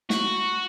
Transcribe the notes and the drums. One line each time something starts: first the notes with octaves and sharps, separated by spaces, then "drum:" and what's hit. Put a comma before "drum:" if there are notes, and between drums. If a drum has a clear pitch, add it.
F#4, drum: snare